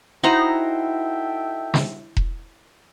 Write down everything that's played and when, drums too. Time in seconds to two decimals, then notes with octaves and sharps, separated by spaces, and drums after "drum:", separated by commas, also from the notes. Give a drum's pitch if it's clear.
0.23 D#4 E4 F#4 A4 C5 E5 G5 A#5
1.74 drum: snare
2.17 drum: kick E1